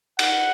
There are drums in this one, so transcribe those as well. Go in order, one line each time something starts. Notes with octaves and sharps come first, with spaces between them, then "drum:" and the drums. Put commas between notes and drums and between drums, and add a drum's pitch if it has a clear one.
F#5, drum: cymbal